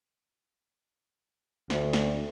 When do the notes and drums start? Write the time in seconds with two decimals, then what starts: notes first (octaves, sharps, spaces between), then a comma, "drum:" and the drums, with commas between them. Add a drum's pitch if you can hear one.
1.70 D2, drum: snare
1.93 drum: snare